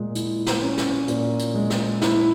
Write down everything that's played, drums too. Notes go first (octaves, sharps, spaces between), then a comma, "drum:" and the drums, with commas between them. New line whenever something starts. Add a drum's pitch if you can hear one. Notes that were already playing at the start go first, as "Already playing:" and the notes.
Already playing: A#2 G#3
E4, drum: hi-hat
drum: snare
C#4
drum: snare
A#2, drum: hi-hat
drum: hi-hat
G#3
drum: snare
E4, drum: snare